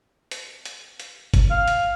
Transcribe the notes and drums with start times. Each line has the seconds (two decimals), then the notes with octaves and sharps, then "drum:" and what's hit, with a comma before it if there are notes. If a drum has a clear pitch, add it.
0.31 drum: hi-hat
0.66 drum: hi-hat
1.00 drum: hi-hat
1.34 drum: kick G1, hi-hat
1.51 F5
1.68 drum: hi-hat